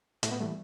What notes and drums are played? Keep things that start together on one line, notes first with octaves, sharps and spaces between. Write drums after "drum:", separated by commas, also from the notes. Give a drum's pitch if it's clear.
A2 A3, drum: hi-hat
B3
E3 G3 A3